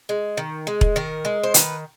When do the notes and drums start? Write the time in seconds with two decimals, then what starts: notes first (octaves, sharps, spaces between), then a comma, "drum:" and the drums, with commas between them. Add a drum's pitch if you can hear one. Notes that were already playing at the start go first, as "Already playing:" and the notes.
0.09 G#3
0.37 D#3
0.67 G#3
0.81 drum: kick E1
0.96 D#3 A#4
1.25 G#3
1.43 C5
1.54 D#3 B4, drum: hi-hat